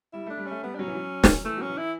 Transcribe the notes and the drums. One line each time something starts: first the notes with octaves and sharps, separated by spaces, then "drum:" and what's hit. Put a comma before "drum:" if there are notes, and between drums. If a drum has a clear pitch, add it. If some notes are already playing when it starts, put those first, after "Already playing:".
G3 E4
A3 D4
G3
A3 C#4
G3 B3
D4
F#3 C#4
E3
F#3
drum: snare
E3 A3
F#3 C#4
E3
E4